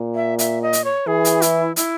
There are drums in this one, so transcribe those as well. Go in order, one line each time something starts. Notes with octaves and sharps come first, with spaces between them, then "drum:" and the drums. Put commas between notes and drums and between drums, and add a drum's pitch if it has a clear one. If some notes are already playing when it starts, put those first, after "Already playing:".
Already playing: A#2
E5
E5, drum: hi-hat
D#5
drum: hi-hat
C#5
E3 G#4
drum: hi-hat
E4, drum: hi-hat
E4, drum: hi-hat